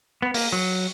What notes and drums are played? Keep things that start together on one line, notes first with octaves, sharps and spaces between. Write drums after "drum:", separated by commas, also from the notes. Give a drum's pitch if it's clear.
B3
A#3, drum: open hi-hat
F#3